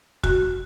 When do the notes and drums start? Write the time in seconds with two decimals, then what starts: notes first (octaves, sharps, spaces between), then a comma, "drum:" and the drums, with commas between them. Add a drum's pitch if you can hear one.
0.24 F#4, drum: kick